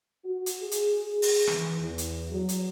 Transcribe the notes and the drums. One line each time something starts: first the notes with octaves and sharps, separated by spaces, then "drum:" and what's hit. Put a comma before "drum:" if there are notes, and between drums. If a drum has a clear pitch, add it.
F#4
drum: hi-hat
G#4
drum: hi-hat
G#4
drum: open hi-hat
E3, drum: rim click
E2
drum: hi-hat
F#3
drum: hi-hat